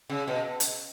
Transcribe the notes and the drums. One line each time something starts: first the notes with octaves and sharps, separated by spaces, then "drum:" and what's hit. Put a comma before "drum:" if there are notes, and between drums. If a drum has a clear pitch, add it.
C#3
B2
drum: hi-hat